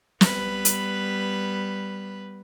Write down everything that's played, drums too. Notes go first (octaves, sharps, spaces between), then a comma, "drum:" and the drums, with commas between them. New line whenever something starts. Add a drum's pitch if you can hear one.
G3 B3 B4, drum: snare
drum: hi-hat